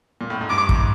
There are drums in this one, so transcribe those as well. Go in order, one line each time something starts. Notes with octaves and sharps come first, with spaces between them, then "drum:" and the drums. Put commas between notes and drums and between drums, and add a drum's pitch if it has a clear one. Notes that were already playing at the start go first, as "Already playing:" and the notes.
A#2
A2
G#2
G2 D6
G#2, drum: kick